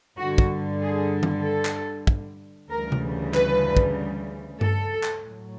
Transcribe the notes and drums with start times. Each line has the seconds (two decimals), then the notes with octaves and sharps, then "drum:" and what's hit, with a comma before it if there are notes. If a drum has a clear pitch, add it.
0.17 G2 D3 G3 F#4
0.38 drum: kick
0.81 G#4
1.23 drum: tom D#3
1.43 A4
1.65 drum: clap
2.07 drum: kick
2.70 D2 C#3 E3 G3 A#4
2.92 drum: tom C3
3.34 B4, drum: clap
3.77 drum: kick
4.61 A4, drum: tom G2
5.03 drum: clap
5.24 A2 F#3